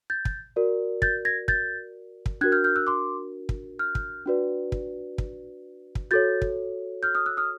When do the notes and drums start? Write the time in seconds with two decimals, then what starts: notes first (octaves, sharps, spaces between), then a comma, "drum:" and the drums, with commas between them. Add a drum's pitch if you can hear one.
0.10 G6 A6
0.25 drum: kick
0.56 F#4 A#4 D5
1.02 G6 A6, drum: kick
1.25 G#6 A#6
1.48 G6 A6, drum: kick
2.26 drum: kick
2.41 D4 F#4 A#4 F#6 G#6
2.52 F6 G6
2.64 F6 G6
2.76 E6 F#6
2.87 C6 D6
3.49 drum: kick
3.79 F6 G6
3.95 drum: kick
4.26 D4 F#4 B4 D5
4.72 drum: kick
5.18 drum: kick
5.95 drum: kick
6.11 F#4 A4 C#5 G6 A6
6.42 drum: kick
7.03 F6 G6
7.15 D#6 F6
7.26 E6 F#6
7.37 D#6 F6